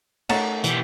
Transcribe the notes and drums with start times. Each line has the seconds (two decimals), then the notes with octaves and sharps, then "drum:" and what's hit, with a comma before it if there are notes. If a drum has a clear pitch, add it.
0.29 G#3 A3 C#4 D#4 F#5 A6 E7, drum: cymbal
0.64 B2 E3 G4, drum: hi-hat